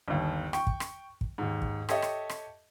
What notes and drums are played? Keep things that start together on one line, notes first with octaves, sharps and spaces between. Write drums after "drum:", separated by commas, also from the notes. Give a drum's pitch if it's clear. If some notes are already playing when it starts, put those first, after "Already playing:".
G1 D#2
G5 C#6, drum: rim click
drum: kick
drum: rim click
drum: kick
D#2 G#2
drum: kick
G4 A4 C#5 D#5 E5, drum: rim click
drum: rim click
drum: rim click